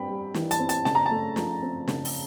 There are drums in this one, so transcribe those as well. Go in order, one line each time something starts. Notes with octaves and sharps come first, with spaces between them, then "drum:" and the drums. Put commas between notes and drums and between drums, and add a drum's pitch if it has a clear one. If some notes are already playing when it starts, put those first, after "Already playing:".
Already playing: G2 C4 G5 B5
G3
E3, drum: snare
A5, drum: hi-hat
C4
A5, drum: hi-hat
C#3 A5, drum: snare
A#5
A5
A3
F3, drum: snare
C4
C#3, drum: snare
drum: open hi-hat